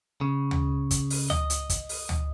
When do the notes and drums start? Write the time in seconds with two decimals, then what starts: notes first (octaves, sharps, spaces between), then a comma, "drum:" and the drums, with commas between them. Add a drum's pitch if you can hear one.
0.21 C#3
0.51 drum: tom D2
0.91 drum: kick, hi-hat
1.10 drum: open hi-hat
1.30 D#5, drum: tom D2
1.50 drum: hi-hat
1.69 drum: kick, hi-hat
1.89 drum: open hi-hat
2.09 drum: tom D2